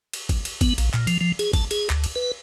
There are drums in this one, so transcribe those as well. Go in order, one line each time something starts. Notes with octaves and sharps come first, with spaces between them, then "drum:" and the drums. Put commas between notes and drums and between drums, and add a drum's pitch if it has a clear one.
drum: cymbal
drum: kick, cymbal
drum: cymbal
B3, drum: kick, cymbal
A#1, drum: cymbal
A#2, drum: clap
F3, drum: cymbal
F3
G#4, drum: cymbal
A5, drum: kick, cymbal
G#4, drum: cymbal
D2, drum: clap
drum: cymbal
B4